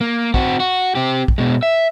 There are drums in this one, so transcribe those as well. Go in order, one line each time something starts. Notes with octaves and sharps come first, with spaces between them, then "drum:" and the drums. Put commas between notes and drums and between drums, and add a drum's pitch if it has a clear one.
A#3
C4 F#4, drum: kick
F#4
C4 G4
drum: kick
B2 G#3
E5